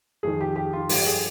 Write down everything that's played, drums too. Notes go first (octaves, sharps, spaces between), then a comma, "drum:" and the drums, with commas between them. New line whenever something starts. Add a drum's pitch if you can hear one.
F2 D#3 G#4
G4
G4
F4
G2 D3 F3 G4, drum: open hi-hat
G#4